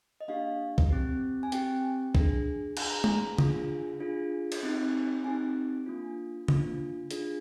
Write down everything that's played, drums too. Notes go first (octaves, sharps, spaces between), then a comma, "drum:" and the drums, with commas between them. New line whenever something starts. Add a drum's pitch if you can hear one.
D#5
A#3 D4 G4 F5
drum: kick B1
C4 G4
G#5
C4 G4 G5, drum: hi-hat
D4 G#4, drum: kick B1
D4 G#4 G#5, drum: cymbal
A#5
G#5, drum: tom G#3
D4 F4 G#4, drum: tom C#3
D4 F4 G#4
drum: cymbal
C4 D#4 G4
C4 D#4 G4 G#5
A#3 D4 F4
A#3 D4 F4, drum: tom C#3
D4 F4 G#4, drum: hi-hat